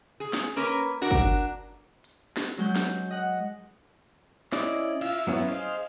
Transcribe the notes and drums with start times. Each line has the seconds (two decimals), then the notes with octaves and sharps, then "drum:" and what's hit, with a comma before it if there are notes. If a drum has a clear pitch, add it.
0.20 G#4
0.33 drum: snare
0.56 A#3 C#4 A#4 B4
1.01 D4 F#4 A#4
1.11 drum: kick
2.04 drum: hi-hat
2.37 drum: snare
2.58 F#3 G#3 G6, drum: tambourine
2.76 drum: snare
3.11 D#5 F#5
4.53 C#4 E4 D5 D#5, drum: snare
5.01 F4 E5 F5, drum: cymbal
5.27 F#3 B3 C#4 E4 F4
5.48 G#4 C5 D#5 F5